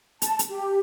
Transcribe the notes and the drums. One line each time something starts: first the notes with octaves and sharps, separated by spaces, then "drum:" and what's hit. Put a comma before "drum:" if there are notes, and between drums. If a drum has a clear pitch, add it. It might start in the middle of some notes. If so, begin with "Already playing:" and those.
A5, drum: hi-hat
drum: hi-hat
G4